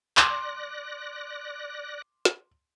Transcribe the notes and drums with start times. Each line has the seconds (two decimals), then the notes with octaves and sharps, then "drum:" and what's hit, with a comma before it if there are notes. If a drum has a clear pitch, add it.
0.17 D5 C6 D6 F#6 A#6, drum: clap
2.25 drum: snare